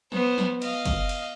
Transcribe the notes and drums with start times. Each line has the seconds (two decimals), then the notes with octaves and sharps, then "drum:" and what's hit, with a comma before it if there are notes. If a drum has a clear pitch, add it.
0.12 B3 C5, drum: snare
0.38 drum: snare
0.62 D#5 F5, drum: cymbal
0.85 drum: kick, cymbal
1.09 drum: cymbal